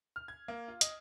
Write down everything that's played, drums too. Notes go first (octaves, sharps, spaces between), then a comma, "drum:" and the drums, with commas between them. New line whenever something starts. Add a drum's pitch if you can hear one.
F6
G#6
A#3
F4
D#5, drum: hi-hat